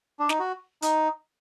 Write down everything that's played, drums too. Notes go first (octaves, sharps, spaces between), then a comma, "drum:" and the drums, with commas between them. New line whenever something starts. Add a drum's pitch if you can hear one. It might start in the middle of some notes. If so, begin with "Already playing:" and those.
D4
D#4, drum: snare
F#4
D#4, drum: hi-hat